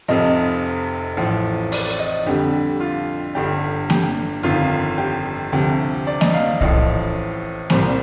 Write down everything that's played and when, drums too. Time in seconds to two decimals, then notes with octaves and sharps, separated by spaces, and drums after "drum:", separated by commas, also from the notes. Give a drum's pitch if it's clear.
0.08 F1 F2 C3 F3 D#5
1.17 A1 A2 F3
1.72 D5, drum: open hi-hat
2.00 D#5
2.26 F2 D3 G3 G4
2.80 F4
3.35 G1 G2 D3 G4
3.90 G4, drum: snare A#3
4.43 G1 F2 D#3 F4
4.98 G4
5.53 D2 C3 F3 G4
6.07 D5
6.21 D#5, drum: snare A#3
6.34 F5
6.61 A1 A2 F3 D#5, drum: kick
7.70 C2 A#2 G3 C5, drum: snare A#3